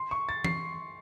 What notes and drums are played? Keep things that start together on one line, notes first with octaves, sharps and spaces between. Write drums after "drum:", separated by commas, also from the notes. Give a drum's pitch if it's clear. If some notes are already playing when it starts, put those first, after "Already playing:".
Already playing: C6
C#6
A6
C7, drum: tom E3